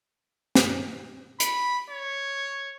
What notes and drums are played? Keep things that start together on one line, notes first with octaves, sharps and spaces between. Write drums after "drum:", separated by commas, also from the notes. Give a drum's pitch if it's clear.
drum: snare
B5, drum: hi-hat
C#5